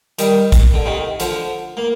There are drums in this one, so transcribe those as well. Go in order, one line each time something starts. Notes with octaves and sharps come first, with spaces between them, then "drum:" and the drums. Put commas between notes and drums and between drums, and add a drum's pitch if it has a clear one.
D#3 G3, drum: hi-hat
drum: kick A#1, hi-hat
D3
C3 D#3
D3 F3, drum: hi-hat
A#3